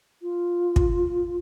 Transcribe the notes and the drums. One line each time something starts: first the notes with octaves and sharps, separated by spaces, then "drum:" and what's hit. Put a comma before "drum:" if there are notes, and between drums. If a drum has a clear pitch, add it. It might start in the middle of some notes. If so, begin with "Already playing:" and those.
F4
drum: kick